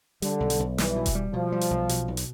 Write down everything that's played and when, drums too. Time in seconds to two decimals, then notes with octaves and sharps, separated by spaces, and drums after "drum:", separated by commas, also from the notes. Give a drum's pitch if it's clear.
0.22 D3 G3, drum: hi-hat
0.40 B1
0.50 drum: hi-hat
0.59 B1
0.78 E3 G3, drum: snare
0.96 B2
1.06 drum: kick E1, hi-hat
1.15 G3
1.33 B2 F3
1.52 G3
1.61 drum: hi-hat
1.71 B1
1.89 B2, drum: hi-hat
2.08 B1
2.17 drum: hi-hat